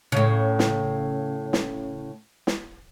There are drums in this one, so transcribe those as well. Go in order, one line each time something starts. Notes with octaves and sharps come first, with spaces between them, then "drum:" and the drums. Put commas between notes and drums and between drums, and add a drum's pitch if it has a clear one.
A2 C#3
drum: snare
drum: snare
drum: snare